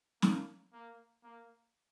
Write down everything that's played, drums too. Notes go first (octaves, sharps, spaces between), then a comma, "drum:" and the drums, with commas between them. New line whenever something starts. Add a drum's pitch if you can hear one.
A#3, drum: snare
A#3
A#3